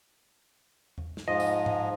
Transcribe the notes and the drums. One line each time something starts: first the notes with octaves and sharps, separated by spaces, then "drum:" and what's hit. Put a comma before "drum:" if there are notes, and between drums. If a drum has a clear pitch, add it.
drum: tom E2
drum: snare
G#2 F3 D#5
drum: tambourine
drum: tom G#2